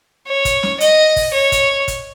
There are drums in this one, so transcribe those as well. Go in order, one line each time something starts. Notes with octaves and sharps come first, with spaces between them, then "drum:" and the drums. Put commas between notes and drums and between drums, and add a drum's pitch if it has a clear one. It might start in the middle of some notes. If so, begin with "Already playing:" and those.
C#5
drum: kick, hi-hat
drum: snare
D#5, drum: hi-hat
drum: kick, open hi-hat
C#5
drum: kick, hi-hat
drum: kick, hi-hat